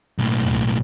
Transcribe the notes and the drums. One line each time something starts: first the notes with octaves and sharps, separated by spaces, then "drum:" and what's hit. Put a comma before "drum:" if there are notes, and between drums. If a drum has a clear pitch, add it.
B1 A2
drum: tom